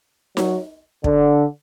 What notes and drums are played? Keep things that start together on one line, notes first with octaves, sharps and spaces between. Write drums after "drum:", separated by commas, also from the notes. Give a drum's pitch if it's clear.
F#3, drum: snare D#4
D3, drum: kick